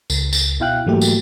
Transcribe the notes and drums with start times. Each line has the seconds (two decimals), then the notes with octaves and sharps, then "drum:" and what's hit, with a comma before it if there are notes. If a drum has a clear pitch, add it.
0.10 C#2, drum: tambourine
0.33 drum: tambourine
0.60 B2 E4 F5 G5 F#6
0.86 G#2 E3 F#3 A3 A#3 G4
1.01 drum: tambourine